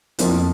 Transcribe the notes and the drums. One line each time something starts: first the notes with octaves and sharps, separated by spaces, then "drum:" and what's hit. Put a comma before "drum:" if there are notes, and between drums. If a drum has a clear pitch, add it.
F2 F3 A#3 F4, drum: hi-hat